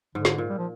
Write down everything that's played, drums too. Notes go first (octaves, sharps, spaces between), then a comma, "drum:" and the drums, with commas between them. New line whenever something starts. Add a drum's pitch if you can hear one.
G#2 D3
drum: snare
A#2
G3
F3